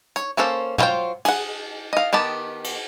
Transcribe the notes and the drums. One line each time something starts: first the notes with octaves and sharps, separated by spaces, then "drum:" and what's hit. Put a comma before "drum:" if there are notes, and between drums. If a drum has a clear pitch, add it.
C#5, drum: hi-hat
A#3 C#4 A4 B4 C5
F#3 C4 F4 C5 G5, drum: tom
G#4 F#5, drum: cymbal
D#5 F5
D#3 B3 G4 A5
drum: cymbal